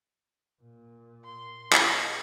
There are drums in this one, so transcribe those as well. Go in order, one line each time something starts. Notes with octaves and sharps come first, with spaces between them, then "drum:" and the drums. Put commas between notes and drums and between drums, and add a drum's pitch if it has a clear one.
A#2
C6
drum: clap